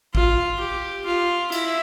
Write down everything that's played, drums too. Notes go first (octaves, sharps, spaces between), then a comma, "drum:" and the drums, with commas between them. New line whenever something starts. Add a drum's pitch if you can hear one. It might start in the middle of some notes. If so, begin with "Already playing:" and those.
F4, drum: kick A1
G4
F4
E4, drum: cymbal